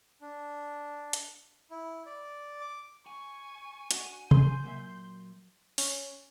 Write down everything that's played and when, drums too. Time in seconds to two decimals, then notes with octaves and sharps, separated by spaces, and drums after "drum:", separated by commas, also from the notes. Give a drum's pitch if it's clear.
0.21 D4
1.13 drum: hi-hat
1.71 E4
2.06 D5
2.61 D6
3.07 G#5 C#6
3.91 D4 F#4 F#5, drum: hi-hat
4.31 F#2 C6 G6, drum: tom C3
4.64 A#2 F#3 E5
5.78 C#4, drum: open hi-hat